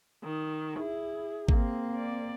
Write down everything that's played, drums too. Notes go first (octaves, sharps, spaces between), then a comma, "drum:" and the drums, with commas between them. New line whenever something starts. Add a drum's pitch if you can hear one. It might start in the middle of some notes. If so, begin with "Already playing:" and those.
D#3
E4 G#4
A#3 C4, drum: kick G#1
D5